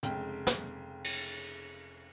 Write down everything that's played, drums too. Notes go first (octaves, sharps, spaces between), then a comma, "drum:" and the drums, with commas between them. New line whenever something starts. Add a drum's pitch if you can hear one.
F1 C#3 G#3 G5, drum: hi-hat
drum: snare
drum: cymbal